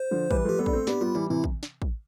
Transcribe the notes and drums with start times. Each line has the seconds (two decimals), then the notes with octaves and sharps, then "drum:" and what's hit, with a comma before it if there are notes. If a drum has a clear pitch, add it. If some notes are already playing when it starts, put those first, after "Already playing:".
Already playing: C5
0.11 D3 F3
0.31 E3 G3 B4, drum: kick
0.45 F3 A3 G4
0.58 G3 B3 A4
0.66 D4, drum: kick
0.73 A3 C4
0.87 B3 D4 G4, drum: snare
1.01 G3 B3 F4
1.15 E3 G3 E4
1.30 C3 E3 E4
1.44 drum: kick
1.63 drum: snare
1.82 drum: kick